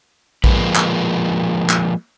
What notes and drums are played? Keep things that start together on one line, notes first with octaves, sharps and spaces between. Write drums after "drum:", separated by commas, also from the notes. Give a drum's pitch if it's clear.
F3 G#3 A#3 B4, drum: kick A#1
drum: clap
drum: clap